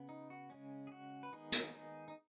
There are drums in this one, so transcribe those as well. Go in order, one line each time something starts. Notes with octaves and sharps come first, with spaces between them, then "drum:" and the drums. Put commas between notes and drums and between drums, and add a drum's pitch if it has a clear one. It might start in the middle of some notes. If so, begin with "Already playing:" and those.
Already playing: C#3 B3
D#4
F#4
C#3 G#3 C#4
G#4
F#4
B4
D#3 G#3 B3 D#4 G#4
drum: hi-hat
D#4 G#4
D#4